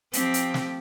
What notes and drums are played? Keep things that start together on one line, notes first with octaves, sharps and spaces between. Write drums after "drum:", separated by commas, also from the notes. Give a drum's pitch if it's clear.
F3 C4 G4, drum: hi-hat
drum: hi-hat
drum: snare